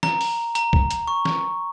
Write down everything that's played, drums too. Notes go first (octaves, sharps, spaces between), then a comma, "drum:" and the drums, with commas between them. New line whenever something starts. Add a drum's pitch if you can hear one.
A#5, drum: snare
drum: open hi-hat
A#5, drum: hi-hat
drum: kick C2
drum: hi-hat
C#6
drum: snare